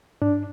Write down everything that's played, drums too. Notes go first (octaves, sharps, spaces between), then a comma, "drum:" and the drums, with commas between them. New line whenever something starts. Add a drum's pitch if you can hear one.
D4, drum: tom G2